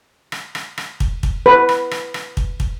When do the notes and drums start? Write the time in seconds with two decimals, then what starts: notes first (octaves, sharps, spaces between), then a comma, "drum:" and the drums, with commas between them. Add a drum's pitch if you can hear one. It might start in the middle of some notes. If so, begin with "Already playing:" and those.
0.32 drum: rim click
0.55 drum: rim click
0.78 drum: rim click
1.00 drum: kick
1.23 drum: kick
1.46 B4
1.69 drum: rim click
1.91 drum: rim click
2.14 drum: rim click
2.37 drum: kick
2.60 drum: kick